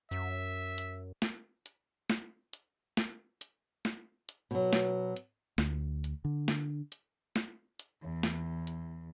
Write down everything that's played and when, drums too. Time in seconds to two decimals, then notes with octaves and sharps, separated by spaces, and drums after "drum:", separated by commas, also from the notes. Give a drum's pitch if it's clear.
0.11 F#2 E5
0.78 drum: hi-hat
1.22 drum: snare
1.66 drum: hi-hat
2.10 drum: snare
2.53 drum: hi-hat
2.97 drum: snare
3.41 drum: hi-hat
3.85 drum: snare
4.29 drum: hi-hat
4.51 B2 F#3
4.73 drum: snare
5.16 drum: hi-hat
5.58 D2, drum: snare
6.04 drum: hi-hat
6.25 D3
6.48 drum: snare
6.92 drum: hi-hat
7.36 drum: snare
7.80 drum: hi-hat
8.01 E2
8.23 drum: snare
8.67 drum: hi-hat